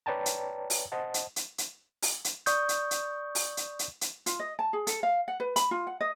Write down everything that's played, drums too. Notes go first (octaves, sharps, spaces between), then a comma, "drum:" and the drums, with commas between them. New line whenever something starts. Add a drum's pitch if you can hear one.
B4 C#5 D5 G5 A5 A#5
drum: hi-hat
drum: open hi-hat
C5 D#5 F#5 A5
drum: hi-hat
drum: hi-hat
drum: hi-hat
drum: open hi-hat
drum: hi-hat
D5 C#6 D#6 G6, drum: hi-hat
drum: hi-hat
drum: hi-hat
drum: open hi-hat
drum: hi-hat
drum: hi-hat
drum: hi-hat
F4, drum: hi-hat
D#5
A5
G#4
A4, drum: hi-hat
F5
F#5
B4
B5, drum: hi-hat
F4
F#5
D#5